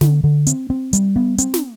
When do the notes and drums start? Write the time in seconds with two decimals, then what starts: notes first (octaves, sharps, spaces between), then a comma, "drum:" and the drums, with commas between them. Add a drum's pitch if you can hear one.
0.01 D3, drum: snare
0.24 D3
0.47 C4, drum: hi-hat
0.70 C4
0.93 G3, drum: hi-hat
1.16 B3
1.38 C4, drum: hi-hat
1.54 drum: snare